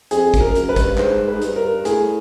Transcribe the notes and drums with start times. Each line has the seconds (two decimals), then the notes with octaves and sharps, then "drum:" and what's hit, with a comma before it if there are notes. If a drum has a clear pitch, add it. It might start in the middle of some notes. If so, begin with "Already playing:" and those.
0.11 F2 G#4, drum: hi-hat
0.34 F#2, drum: kick G#1, hi-hat
0.41 A#4
0.55 F#2, drum: hi-hat
0.69 B4
0.76 G2, drum: kick G#1, hi-hat
0.98 G#2 C5, drum: clap
1.28 B4
1.34 G#2
1.42 G2, drum: hi-hat
1.56 A#4
1.85 A2 G#4, drum: hi-hat